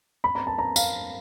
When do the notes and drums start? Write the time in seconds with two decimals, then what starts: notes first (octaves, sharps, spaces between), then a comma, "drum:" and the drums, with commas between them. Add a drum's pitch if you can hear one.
0.24 B5
0.35 A#5
0.47 A5
0.58 A#5
0.76 F5, drum: tambourine